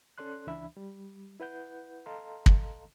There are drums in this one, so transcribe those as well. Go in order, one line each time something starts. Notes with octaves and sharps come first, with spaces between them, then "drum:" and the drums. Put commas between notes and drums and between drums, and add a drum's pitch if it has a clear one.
C#4 A4 D5 C6 F#6
C#2 E3 D4 E5 B5
G3
E4 B4 F#5 G6
A4 D#5 F5 A5 A#5 C6
drum: kick